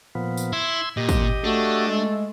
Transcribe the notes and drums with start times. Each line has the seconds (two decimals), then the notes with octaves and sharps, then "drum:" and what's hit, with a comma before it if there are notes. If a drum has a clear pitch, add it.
0.15 A#2 F3 B3
0.37 drum: tambourine
0.53 E4 C6 E6 G#6
0.97 A#2 G4 D#5
1.09 drum: kick, tambourine
1.44 A3 D4 F#4
1.88 G#3